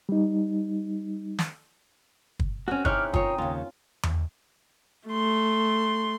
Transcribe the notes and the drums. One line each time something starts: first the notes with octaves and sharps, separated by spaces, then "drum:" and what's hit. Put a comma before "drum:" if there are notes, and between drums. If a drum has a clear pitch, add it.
G3 D#4
drum: snare
drum: kick
C4 C#4 F#4 A#4
C4 C#4 D#4 E4 G#4 D6 F6 F#6, drum: kick
F4 A#4 C#5 G5 A#5 D#6, drum: kick
D#2 C#3 F4
drum: tom E2
A3 C6